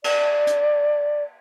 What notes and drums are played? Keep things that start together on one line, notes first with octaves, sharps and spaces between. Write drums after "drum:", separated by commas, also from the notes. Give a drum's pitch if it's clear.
D5, drum: cymbal
drum: hi-hat